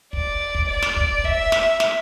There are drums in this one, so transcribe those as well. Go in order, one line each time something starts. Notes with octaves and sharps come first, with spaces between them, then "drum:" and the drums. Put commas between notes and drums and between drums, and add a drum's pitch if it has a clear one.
D5, drum: kick
drum: kick
D5
drum: snare
drum: kick
E5, drum: kick
drum: snare
drum: snare